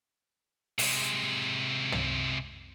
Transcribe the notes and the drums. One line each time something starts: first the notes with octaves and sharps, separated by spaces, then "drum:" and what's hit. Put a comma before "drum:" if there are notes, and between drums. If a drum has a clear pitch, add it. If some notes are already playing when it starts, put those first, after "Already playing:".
C3 G#3, drum: open hi-hat
drum: tom